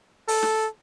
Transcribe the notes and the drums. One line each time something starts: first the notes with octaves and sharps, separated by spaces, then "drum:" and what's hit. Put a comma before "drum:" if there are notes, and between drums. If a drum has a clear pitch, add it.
A4, drum: open hi-hat
drum: snare